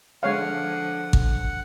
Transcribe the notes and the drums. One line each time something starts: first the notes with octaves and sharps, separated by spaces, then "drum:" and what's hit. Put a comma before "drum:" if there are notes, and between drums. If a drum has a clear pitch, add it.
D3 F3 G#3 C#5 F5 F#5
drum: kick G#1